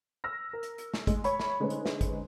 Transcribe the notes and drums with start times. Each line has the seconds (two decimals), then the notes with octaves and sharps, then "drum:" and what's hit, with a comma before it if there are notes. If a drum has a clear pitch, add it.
0.24 E6 F6 A#6
0.53 A#4
0.63 drum: hi-hat
0.78 drum: hi-hat
0.94 drum: snare
1.07 G#3, drum: kick, hi-hat
1.24 C#5 B5, drum: hi-hat
1.40 drum: snare
1.60 D3 G#3 C#4 D#4 B4 C5
1.70 drum: hi-hat
1.85 drum: snare
2.01 drum: kick, hi-hat